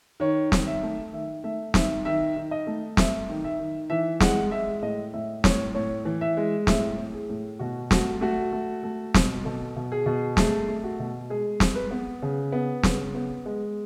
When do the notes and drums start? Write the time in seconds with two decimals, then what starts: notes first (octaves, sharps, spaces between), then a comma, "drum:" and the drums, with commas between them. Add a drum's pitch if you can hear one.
0.20 D#3 C#5
0.52 D#3, drum: snare
0.67 E5
0.83 A3
1.13 D#3 E5
1.44 A3 E5
1.74 D#3 E5, drum: snare
2.05 D#3 E5
2.36 D#3
2.51 D#5
2.67 A3
2.97 A3 E5, drum: snare
3.29 D#3
3.44 E5
3.60 D#3
3.90 E3 E5
4.20 G#3 F#5, drum: snare
4.51 G#3 E5
4.82 A2 D#5
5.14 A2 E5
5.44 A2 C#5, drum: snare
5.75 A2 C#5
6.05 E3
6.21 E5
6.37 G#3
6.67 A2 E5, drum: snare
6.98 A2
7.14 G#4
7.29 A2
7.59 B2 F#4
7.91 A3 F#4, drum: snare
8.21 A3 F#4
8.52 A3
8.83 A3
9.14 B2, drum: snare
9.45 B2 A4
9.76 B2
9.92 G#4
10.06 B2
10.37 A3 G#4, drum: snare
10.69 A3
10.84 F#4
11.00 B2
11.30 G#3 G#4
11.60 G#3, drum: snare
11.75 B4
11.91 B3
12.22 C#3
12.52 B3
12.83 C#3, drum: snare
13.15 B3
13.46 G#3